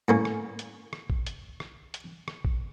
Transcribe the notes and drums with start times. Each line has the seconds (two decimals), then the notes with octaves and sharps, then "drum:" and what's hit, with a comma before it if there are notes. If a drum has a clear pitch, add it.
0.08 A2 A#3 C#4
0.25 drum: rim click
0.59 drum: hi-hat
0.93 drum: rim click
1.10 drum: kick A#1
1.26 drum: hi-hat
1.60 drum: rim click
1.94 drum: hi-hat
2.28 drum: rim click
2.45 drum: kick A#1